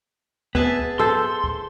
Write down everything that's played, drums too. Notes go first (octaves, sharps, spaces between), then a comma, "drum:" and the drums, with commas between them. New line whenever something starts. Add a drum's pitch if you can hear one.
B3 G#4 E5 A5, drum: kick
A4 C5 C6
drum: kick